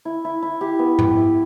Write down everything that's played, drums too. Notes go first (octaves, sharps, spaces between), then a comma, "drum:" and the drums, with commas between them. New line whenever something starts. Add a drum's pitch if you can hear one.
E4
E4
E4
G4
B3
G4, drum: tom G#2
E4